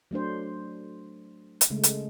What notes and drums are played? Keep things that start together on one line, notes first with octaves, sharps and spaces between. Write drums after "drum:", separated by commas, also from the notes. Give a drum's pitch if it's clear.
F#3 A3 D4 C5
drum: hi-hat
C#3 G#3 A3
drum: hi-hat